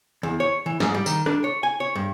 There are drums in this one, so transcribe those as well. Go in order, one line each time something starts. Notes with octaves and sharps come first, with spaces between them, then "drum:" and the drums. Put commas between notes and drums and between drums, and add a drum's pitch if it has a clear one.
E2
C#5
E3
G#2, drum: snare
G3
D#3, drum: tambourine
D4, drum: rim click
C#5
G#5
C#5
G2